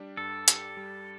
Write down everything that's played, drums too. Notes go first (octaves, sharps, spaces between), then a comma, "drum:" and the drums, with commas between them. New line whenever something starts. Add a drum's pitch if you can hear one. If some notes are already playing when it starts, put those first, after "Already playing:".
Already playing: G3 D4 G4
G2 A4
G4, drum: hi-hat
G3